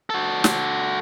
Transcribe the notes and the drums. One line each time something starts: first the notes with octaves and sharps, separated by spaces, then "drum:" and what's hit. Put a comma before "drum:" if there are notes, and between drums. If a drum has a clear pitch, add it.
F#4 A4
drum: snare